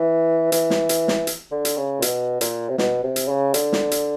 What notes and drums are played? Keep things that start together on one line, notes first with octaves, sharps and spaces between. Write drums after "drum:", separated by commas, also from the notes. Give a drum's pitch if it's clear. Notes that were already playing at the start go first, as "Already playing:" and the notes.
Already playing: E3
E3, drum: hi-hat
drum: snare
drum: hi-hat
drum: snare
drum: hi-hat
D3
drum: hi-hat
C#3
A#2
B2, drum: hi-hat
A#2, drum: hi-hat
C3
B2, drum: snare
C3
drum: hi-hat
C#3
D3, drum: hi-hat
drum: snare
drum: hi-hat